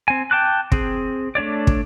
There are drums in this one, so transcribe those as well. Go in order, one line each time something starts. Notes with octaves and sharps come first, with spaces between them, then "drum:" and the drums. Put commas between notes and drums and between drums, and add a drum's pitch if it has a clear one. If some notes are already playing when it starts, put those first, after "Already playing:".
C4 G#5
G5 A5 D6 F#6
C4 G#4, drum: kick
A3 D4 C#5 D5
drum: kick